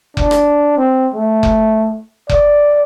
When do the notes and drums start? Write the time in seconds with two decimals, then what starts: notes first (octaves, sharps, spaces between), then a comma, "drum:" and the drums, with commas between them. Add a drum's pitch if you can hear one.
0.17 D4, drum: kick F1
0.31 drum: rim click
0.78 C4
1.14 A3
1.43 drum: kick F1
2.29 D5, drum: kick F1